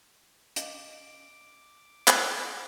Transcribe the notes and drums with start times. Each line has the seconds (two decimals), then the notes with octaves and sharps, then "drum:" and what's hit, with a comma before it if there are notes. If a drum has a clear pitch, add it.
0.56 C#4 D#5 F5 D6, drum: hi-hat
2.08 drum: clap